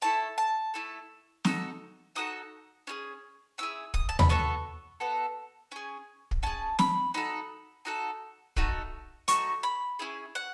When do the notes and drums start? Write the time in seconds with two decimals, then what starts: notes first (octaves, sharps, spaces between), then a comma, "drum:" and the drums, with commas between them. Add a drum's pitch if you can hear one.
0.02 A3 E4 A4 A5
0.38 A5
0.74 A3 E4 A4
1.45 D#4 F#4 A4, drum: snare
2.15 D#4 F#4 A4 D#6
2.87 C#4 E4 G#4
3.58 C#4 E4 G#4 E6
3.94 D#6, drum: kick
4.09 A5
4.19 B5, drum: tom D#2
4.29 B3 F#4 A4 C#6
5.00 B3 F#4 A4
5.72 C#4 G#4
6.31 drum: kick
6.43 C#4 G#4 A5
6.79 B5, drum: snare
7.14 D#4 F#4 A4 B5
7.85 D#4 F#4 A4
8.56 A3 D#4 F#4 A4, drum: kick
9.28 A3 D#4 F#4 A4 C#6, drum: hi-hat
9.63 B5
9.99 C#4 E4 G#4
10.35 F#5